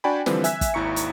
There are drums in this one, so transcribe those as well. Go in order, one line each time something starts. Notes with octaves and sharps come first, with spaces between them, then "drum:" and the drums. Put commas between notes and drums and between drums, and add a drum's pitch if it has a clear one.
D4 F#4 D5 G5 G#5 B5
D3 E3 F3 G3 C4 B4, drum: snare
E5 G#5 E6 F#6 B6, drum: hi-hat
drum: kick, hi-hat
G#1 D#2 E4 A#5 C#6 C#7
drum: hi-hat